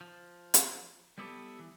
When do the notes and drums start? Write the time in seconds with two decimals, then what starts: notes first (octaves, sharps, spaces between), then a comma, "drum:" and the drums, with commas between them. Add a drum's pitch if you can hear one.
0.01 F3
0.54 drum: hi-hat
1.18 G3 B3 E4 G4 A4 B4
1.59 E3